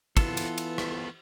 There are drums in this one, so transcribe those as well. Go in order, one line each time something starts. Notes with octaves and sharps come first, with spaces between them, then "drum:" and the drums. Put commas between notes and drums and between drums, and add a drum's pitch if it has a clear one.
E3 B3 F4 A4, drum: kick, cymbal
drum: cymbal
drum: cymbal
drum: rim click